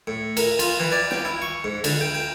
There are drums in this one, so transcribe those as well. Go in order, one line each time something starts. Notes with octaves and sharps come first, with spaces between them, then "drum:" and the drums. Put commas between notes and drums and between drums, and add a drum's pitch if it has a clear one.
A2
A#4, drum: cymbal
F4, drum: cymbal
E3
D5
G5, drum: snare
E4
C#6
G#2
D3, drum: cymbal
G5
G5